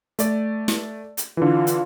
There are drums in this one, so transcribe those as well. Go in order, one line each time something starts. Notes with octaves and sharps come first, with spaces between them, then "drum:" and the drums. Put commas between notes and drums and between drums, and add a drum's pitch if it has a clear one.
A3 D5, drum: hi-hat
drum: snare
drum: hi-hat
D3 E3 F4
drum: hi-hat